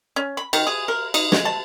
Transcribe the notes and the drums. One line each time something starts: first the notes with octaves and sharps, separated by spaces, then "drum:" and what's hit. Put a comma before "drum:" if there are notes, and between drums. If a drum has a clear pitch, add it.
C#4
B5
D#3, drum: cymbal
G#4
A#4
D#4, drum: cymbal
G#3, drum: snare
A5